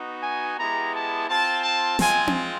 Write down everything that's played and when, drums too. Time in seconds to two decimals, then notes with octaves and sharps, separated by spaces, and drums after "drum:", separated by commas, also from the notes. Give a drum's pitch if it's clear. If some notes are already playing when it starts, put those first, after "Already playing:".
Already playing: B3 D#4 F#4
0.23 G#5
0.58 G#3 B3 E4 G4 A#5
0.93 A5
1.29 C4 F4 A5
1.64 A5
1.99 G#3 C4 F4 G#5, drum: snare
2.27 drum: tom C4